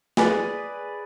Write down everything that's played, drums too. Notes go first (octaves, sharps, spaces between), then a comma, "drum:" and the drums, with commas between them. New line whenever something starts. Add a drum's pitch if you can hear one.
G#4 B4 D5, drum: snare